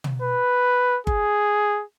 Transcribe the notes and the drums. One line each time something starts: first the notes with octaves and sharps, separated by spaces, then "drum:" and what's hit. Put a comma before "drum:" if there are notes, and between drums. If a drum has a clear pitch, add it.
drum: tom
B4
G#4, drum: kick G1